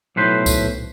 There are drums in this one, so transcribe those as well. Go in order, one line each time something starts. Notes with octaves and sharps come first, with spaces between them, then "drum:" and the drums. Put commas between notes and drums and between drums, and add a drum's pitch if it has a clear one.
B1 A2 B4 C5
drum: kick C2, tambourine